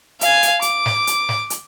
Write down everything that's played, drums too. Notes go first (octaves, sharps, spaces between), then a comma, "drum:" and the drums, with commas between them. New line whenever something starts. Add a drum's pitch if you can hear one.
F5 G#5, drum: hi-hat
drum: hi-hat
D6, drum: hi-hat
drum: snare
drum: hi-hat
drum: snare
drum: hi-hat